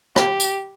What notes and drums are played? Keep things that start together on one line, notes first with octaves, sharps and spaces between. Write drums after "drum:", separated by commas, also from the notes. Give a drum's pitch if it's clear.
G4, drum: rim click
drum: tambourine